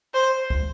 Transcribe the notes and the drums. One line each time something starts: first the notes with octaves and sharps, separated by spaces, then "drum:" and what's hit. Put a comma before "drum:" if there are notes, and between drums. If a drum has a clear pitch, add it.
C5
drum: kick